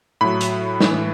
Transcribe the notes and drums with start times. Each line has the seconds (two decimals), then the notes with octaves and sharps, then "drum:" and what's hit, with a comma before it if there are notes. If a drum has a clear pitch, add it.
0.21 A2 F#3 B5
0.41 drum: hi-hat
0.80 A2 E3, drum: snare